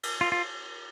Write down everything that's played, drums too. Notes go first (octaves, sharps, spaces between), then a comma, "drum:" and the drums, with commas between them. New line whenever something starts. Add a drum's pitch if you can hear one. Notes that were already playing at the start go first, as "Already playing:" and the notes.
drum: cymbal
F4
F4